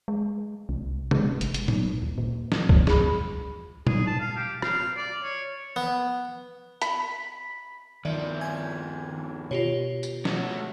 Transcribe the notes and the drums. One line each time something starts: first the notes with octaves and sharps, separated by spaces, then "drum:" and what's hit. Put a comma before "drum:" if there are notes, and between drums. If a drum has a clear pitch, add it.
G#3
C2
G#3, drum: tom
G#1, drum: hi-hat
drum: hi-hat
drum: tom
D#2
A#2
drum: snare
drum: kick C2
G#4 B5, drum: snare
G#4, drum: tom
A5
F5
G4
F5, drum: rim click
D5
C#5
B3
B5, drum: hi-hat
D#2 D#3 F3 D5 E5
G#5 G#6
B2 F4 G4 C#5
drum: tambourine
A3 F#4, drum: snare